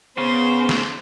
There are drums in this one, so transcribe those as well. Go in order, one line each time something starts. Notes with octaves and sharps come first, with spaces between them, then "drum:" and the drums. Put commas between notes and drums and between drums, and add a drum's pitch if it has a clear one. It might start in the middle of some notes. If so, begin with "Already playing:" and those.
C#3 B3 C5
drum: snare